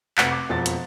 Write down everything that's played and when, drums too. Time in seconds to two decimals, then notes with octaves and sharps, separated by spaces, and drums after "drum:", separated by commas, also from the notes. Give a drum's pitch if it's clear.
0.18 F1 B4 F#5 B6, drum: clap
0.31 D6
0.49 E1 F2 A6
0.66 drum: hi-hat